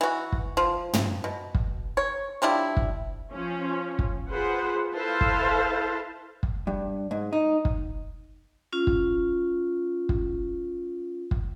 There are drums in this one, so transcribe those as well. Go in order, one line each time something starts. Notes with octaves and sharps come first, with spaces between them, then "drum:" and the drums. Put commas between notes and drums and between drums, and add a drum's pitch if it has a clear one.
E3 F#4
drum: kick
F3
drum: tom
B2
drum: kick
C#5
F3 G3 D4 E4
drum: kick
F3 C#4
drum: kick
F4 G#4 B4 C5 F#5
E4 A4 B4 C5 F5 A5
drum: kick
drum: kick
G2
G#2
D#4
drum: kick
C#4 F4
drum: kick
drum: kick
drum: kick